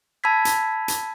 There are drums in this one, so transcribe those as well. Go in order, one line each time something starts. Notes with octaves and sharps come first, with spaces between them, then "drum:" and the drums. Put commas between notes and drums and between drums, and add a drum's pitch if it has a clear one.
A5 B5 E6 G#6 B6
drum: hi-hat
drum: hi-hat